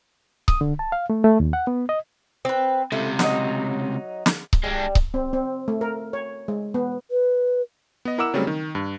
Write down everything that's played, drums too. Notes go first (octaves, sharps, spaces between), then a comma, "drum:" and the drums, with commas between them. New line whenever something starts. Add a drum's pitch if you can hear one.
D#6, drum: kick C#1
D3
A5
F5
A3
A3
D#2
F#5
B3
D#5
C4 B4
C#2 C3 E4 A4
F#3 D#4, drum: snare
drum: snare
drum: kick C#1
G3 G#3 D4
drum: kick C#1
C4
C4
A3
A#4
C#5
G#3
B3
B4
B3 D#5
E4 A#4 F#5 D6 E6 E7
C#3 F#3 G3 A3 C4 C#4
D#3
G2